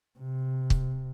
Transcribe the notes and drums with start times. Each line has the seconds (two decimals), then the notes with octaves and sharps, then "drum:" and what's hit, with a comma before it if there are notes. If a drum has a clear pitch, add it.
0.19 C3
0.70 drum: kick